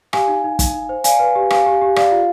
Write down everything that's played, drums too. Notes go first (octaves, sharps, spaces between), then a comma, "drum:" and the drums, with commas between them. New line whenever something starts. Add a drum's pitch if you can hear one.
G4 F5 G#5, drum: rim click
D#4
D#4
D#4, drum: kick, hi-hat
D#4
C5
D5 F5 G#5, drum: hi-hat
B4
G4
G4 F5 G#5, drum: rim click
G4
G4
D5 F5, drum: rim click
F4